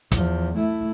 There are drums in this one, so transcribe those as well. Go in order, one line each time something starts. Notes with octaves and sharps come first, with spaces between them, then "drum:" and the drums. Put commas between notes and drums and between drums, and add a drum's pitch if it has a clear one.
E2 F3, drum: kick, hi-hat
A3 E4